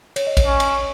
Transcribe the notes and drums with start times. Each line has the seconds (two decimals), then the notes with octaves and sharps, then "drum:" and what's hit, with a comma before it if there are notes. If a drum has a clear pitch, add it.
0.16 C#5, drum: cymbal
0.27 D#5
0.37 C#5, drum: kick A1, cymbal
0.46 C#4
0.60 drum: cymbal